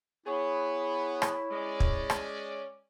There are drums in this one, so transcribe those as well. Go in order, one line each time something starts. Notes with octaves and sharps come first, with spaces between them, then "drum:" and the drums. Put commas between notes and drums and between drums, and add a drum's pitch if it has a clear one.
B3 E4 G#4 C#5 C#6
drum: rim click
G#3 C#4 D5
drum: kick
drum: rim click